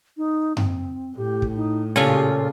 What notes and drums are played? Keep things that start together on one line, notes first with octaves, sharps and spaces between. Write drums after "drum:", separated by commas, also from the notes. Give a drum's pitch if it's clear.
D#4
C4, drum: tom F#2
A2 G4
drum: kick
D#4
A#2 C#3 C#4 F4 G4 A4, drum: snare